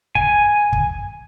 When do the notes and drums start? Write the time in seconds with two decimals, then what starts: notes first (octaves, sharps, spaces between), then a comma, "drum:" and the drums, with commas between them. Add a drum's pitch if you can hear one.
0.15 G#5, drum: kick
0.73 drum: kick